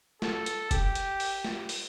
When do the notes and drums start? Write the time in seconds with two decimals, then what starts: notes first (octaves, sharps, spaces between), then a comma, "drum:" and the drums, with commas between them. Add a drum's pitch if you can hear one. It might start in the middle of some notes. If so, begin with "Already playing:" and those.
0.22 A4, drum: snare
0.46 drum: hi-hat
0.71 G4, drum: kick F1, hi-hat
0.95 drum: hi-hat
1.20 drum: open hi-hat
1.45 drum: snare
1.69 drum: open hi-hat